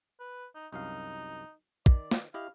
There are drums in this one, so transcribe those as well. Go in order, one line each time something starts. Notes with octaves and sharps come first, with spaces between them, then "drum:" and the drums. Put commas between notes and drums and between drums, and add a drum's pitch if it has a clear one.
B4
D#4
C2 F#2 D#4 F5
D#3 D5, drum: kick
drum: snare
E4 G4 D#5 F5